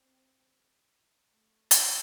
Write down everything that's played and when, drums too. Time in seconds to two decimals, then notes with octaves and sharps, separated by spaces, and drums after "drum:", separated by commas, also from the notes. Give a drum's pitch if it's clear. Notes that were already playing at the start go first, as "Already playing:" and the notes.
Already playing: C4
1.32 A3
1.71 drum: hi-hat